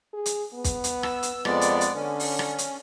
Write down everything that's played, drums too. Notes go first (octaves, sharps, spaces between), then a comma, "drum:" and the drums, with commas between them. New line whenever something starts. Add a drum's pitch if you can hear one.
G#4
drum: hi-hat
B3
drum: kick, hi-hat
drum: hi-hat
E6, drum: rim click
drum: hi-hat
F2 G#3 B3 D5, drum: rim click
drum: hi-hat
drum: hi-hat
D3 C#4
drum: open hi-hat
drum: rim click
drum: hi-hat